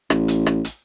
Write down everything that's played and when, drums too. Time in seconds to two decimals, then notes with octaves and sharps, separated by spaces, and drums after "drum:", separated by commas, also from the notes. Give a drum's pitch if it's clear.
0.10 A1, drum: rim click
0.28 drum: hi-hat
0.46 drum: rim click
0.65 drum: hi-hat